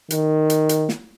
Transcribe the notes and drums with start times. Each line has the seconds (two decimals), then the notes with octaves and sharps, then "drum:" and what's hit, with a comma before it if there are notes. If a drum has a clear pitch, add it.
0.10 D#3, drum: hi-hat
0.50 drum: hi-hat
0.69 drum: hi-hat
0.89 drum: snare